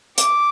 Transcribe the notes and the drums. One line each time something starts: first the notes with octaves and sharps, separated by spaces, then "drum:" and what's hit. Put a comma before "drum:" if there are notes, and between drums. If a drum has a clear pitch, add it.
D6, drum: hi-hat